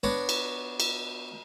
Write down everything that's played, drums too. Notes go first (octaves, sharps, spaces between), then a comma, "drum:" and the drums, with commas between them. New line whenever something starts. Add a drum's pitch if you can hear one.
B3 D4 C#5 A#5 C#6
drum: cymbal
drum: cymbal